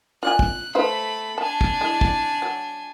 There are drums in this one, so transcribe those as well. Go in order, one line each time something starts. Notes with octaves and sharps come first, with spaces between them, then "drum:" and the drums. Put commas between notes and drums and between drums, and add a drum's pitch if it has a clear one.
F4 D5 G#5 F#6
drum: kick
A3 B4 C5 F5 B5
D4 G#5 A5
drum: kick
G#3 E4
drum: kick
F#3